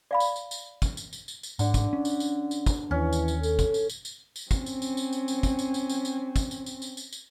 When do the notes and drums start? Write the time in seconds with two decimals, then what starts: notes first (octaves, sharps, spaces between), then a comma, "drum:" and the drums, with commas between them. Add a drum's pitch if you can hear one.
0.11 D5 F5 B5
0.20 drum: tambourine
0.36 drum: tambourine
0.51 drum: tambourine
0.82 drum: kick, tambourine
0.97 drum: tambourine
1.13 drum: tambourine
1.28 drum: tambourine
1.43 drum: tambourine
1.59 G#2 D3, drum: tambourine
1.74 drum: kick, tambourine
1.93 C#4
2.05 drum: tambourine
2.20 drum: tambourine
2.51 drum: tambourine
2.66 drum: kick, tambourine
2.91 D#2 E3 C#4
3.13 drum: tambourine
3.28 drum: tambourine
3.43 A4, drum: tambourine
3.59 drum: kick, tambourine
3.74 drum: tambourine
3.90 drum: tambourine
4.05 drum: tambourine
4.36 drum: tambourine
4.51 C4 C#4, drum: kick, tambourine
4.66 drum: tambourine
4.82 drum: tambourine
4.97 drum: tambourine
5.13 drum: tambourine
5.28 drum: tambourine
5.43 drum: kick, tambourine
5.59 drum: tambourine
5.74 drum: tambourine
5.89 drum: tambourine
6.05 drum: tambourine
6.36 drum: kick, tambourine
6.51 drum: tambourine
6.66 drum: tambourine
6.82 drum: tambourine
6.97 drum: tambourine
7.13 drum: tambourine